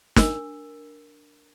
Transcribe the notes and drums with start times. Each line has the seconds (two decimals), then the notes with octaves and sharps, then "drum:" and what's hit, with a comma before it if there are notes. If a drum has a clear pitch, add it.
0.16 D4 A#4 E6, drum: snare